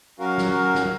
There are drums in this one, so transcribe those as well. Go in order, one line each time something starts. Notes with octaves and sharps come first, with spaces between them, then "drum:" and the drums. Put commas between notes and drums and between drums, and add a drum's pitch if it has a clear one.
F#3 C#4 F#4 A#4 F5
drum: snare
drum: snare